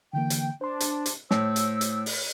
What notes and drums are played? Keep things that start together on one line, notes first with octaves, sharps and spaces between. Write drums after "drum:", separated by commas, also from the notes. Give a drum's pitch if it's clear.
D3 E3 A#3 G5
drum: hi-hat
D4 C5 C6
drum: hi-hat
drum: hi-hat
A2 C5 C#5 E6, drum: snare
drum: hi-hat
drum: hi-hat
drum: open hi-hat